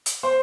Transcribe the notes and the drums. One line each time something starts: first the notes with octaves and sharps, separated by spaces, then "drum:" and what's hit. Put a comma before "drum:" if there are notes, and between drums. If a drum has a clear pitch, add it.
drum: hi-hat
C5